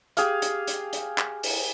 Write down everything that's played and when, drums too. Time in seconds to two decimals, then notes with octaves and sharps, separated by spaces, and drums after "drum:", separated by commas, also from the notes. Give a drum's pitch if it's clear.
0.17 G4 G#4 F5, drum: hi-hat
0.42 drum: hi-hat
0.67 drum: hi-hat
0.93 drum: hi-hat
1.18 drum: clap
1.43 drum: open hi-hat